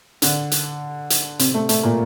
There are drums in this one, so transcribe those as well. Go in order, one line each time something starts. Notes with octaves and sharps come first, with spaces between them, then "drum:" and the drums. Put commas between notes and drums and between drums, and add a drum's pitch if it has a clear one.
D3 D4, drum: hi-hat
drum: hi-hat
drum: hi-hat
C3 C4, drum: hi-hat
A3
A3, drum: hi-hat
A#2 A#3